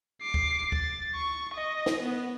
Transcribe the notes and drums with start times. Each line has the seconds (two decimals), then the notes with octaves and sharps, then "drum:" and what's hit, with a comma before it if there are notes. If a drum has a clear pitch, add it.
0.22 D6 C7
0.34 drum: kick
0.72 A6, drum: kick
1.14 C#6
1.54 D#5
1.86 drum: snare
2.02 B3